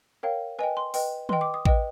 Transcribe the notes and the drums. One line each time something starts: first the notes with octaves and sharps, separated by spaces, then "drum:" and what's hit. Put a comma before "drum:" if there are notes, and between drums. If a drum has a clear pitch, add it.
A#4 C#5 F5 G5
B4 D#5 G5 G#5
C6
B4 D#5 G5, drum: open hi-hat
B4 D#5 G5 C6, drum: tom D#3
D6
D#6
B4 D#5 G5, drum: kick A1